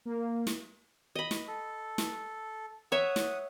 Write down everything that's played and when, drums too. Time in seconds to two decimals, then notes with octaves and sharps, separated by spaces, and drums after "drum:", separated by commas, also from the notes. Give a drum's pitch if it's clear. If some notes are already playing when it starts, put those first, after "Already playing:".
0.05 A#3
0.47 drum: snare
1.15 D#5 B5
1.31 drum: snare
1.48 A4
1.98 drum: snare
2.92 C#5 E5 F#5 D#6
3.16 drum: snare